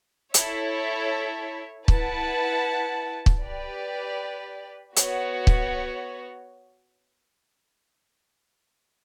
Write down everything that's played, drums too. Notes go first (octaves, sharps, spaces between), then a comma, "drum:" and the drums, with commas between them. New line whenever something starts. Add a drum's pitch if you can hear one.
E4 A4 C#5 E5, drum: hi-hat
E4 B4 F#5 A5, drum: kick
drum: kick
G4 B4 D5
B3 F#4 C#5, drum: hi-hat
drum: kick